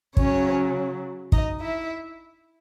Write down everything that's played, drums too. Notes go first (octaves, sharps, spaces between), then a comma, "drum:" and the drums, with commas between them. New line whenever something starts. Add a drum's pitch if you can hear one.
C#3 F#3 C#4 C#5, drum: kick
D#4 D#5, drum: kick
E4 E5